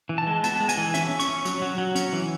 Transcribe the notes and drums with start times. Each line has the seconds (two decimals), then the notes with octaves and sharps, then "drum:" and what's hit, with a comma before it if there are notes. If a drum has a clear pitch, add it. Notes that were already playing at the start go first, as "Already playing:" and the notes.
0.09 E3
0.18 A5
0.27 G#3
0.44 B3 A5, drum: hi-hat
0.60 G#3
0.69 G#5, drum: hi-hat
0.77 E3
0.94 C#4 E5, drum: hi-hat
1.11 C#4
1.20 C#6, drum: hi-hat
1.29 C#4
1.45 F#3, drum: hi-hat
1.62 F#3
1.78 F#3
1.95 C#4, drum: hi-hat
2.13 E3